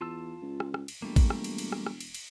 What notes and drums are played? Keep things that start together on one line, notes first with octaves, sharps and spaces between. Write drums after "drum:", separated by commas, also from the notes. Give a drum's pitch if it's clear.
E2 F4 A5 E6
C#2
drum: rim click
drum: rim click
drum: cymbal
E1 G3 A3 A#3
drum: kick A1, cymbal
drum: rim click
drum: cymbal
drum: cymbal
drum: rim click
drum: rim click
drum: cymbal
drum: cymbal